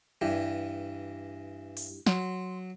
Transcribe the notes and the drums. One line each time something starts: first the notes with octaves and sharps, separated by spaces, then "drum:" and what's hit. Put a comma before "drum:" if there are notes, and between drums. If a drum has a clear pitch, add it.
G2 E3 D4 E4 G4
drum: open hi-hat
F#3 C6, drum: snare